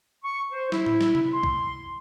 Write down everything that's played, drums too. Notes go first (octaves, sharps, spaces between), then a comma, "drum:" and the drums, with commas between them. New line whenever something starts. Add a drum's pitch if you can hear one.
C#6
C5
E4, drum: snare
drum: tom A2
drum: snare
drum: tom C3
C6
drum: kick B1